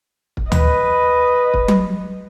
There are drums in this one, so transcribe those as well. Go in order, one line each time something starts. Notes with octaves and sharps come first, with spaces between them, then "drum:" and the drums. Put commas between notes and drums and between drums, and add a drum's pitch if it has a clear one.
drum: kick
B4 D#5, drum: tom D2
drum: kick
drum: tom F#3